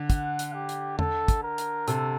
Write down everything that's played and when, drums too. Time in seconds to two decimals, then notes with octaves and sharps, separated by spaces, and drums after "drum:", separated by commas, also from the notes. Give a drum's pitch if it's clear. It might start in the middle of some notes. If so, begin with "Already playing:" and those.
Already playing: D3
0.10 F#5, drum: kick, hi-hat
0.39 drum: hi-hat
0.54 G4
0.69 drum: hi-hat
0.99 A4, drum: tom E2
1.28 drum: kick, hi-hat
1.43 A#4
1.58 drum: hi-hat
1.88 C3 A4, drum: hi-hat